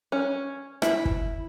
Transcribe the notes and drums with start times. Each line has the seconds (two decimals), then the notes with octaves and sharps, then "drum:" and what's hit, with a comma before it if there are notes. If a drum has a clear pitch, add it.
0.12 C#4
0.82 E4, drum: rim click
1.05 drum: kick